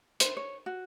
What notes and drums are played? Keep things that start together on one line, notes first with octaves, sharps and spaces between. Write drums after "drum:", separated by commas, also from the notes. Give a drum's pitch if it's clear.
C5, drum: hi-hat
C#5
F#4